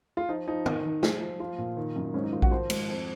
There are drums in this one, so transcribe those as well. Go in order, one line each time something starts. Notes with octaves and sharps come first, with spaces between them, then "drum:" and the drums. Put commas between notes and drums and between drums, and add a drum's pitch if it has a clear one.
F4
F3 D#4
F3 D#4
D#3, drum: tom
D#3
F3, drum: snare
F3
F3 F4
A#2
D#3
F#2
G#2 C#4
D#4
D#3 F4
F#4, drum: kick A#1
F3 C5
G#2, drum: cymbal
F2